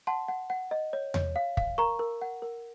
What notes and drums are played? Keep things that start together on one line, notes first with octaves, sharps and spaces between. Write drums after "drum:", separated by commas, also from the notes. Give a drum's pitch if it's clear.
F#5 A5 C6
F#5
F#5
D#5
C#5
C#5, drum: tom E2
F5
F5, drum: kick
A#4 A#5 C#6
A#4
F#5
A#4